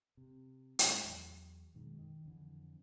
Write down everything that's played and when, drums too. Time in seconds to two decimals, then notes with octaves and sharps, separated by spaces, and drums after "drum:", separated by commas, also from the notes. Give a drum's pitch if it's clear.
0.17 C3
0.79 A2 G#3, drum: hi-hat
1.04 E2 F#3
1.74 F#2 B2 D#3 G#3
1.98 D#3
2.25 F2 D3 E3